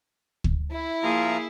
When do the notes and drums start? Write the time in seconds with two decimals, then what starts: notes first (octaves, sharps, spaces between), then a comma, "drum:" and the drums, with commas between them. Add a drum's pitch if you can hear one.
0.44 drum: kick
0.72 E4
1.03 F3 A#3 F4 G#4 A#5